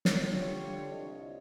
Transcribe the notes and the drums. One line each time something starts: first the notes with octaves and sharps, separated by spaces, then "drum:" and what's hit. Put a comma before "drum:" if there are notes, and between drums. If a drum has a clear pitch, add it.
drum: snare
D3 G3 F4 C#5
C2 D#5